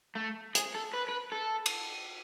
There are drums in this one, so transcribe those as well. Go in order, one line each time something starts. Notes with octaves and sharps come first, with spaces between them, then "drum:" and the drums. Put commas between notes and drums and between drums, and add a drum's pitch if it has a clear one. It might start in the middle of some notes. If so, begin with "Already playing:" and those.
A3
G#4, drum: hi-hat
A4
B4
B4
A4
drum: cymbal